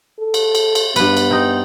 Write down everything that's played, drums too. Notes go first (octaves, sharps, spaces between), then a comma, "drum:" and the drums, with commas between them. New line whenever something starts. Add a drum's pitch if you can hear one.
A4
drum: cymbal
drum: cymbal
drum: cymbal
G2 B3 B4, drum: cymbal
drum: cymbal
C4 D#4